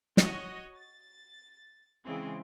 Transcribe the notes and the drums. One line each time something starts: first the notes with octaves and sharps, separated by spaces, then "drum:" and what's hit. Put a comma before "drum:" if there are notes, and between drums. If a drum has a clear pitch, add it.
F#4 C#5 D#5, drum: snare
A6
C#3 E3 G#3 C4